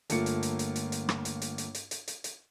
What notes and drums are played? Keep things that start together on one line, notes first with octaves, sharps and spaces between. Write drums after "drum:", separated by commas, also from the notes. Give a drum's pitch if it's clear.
G1 A3 A#3 F4 C#7, drum: hi-hat
drum: hi-hat
drum: hi-hat
drum: hi-hat
drum: hi-hat
drum: hi-hat
drum: rim click
drum: hi-hat
drum: hi-hat
drum: hi-hat
drum: hi-hat
drum: hi-hat
drum: hi-hat
drum: hi-hat